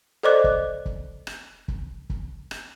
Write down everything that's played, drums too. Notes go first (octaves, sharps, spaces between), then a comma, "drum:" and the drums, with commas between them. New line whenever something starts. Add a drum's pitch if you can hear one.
A4 C5 D5 D#5 D6 F#6
drum: kick
drum: kick
drum: rim click
drum: kick
drum: kick
drum: rim click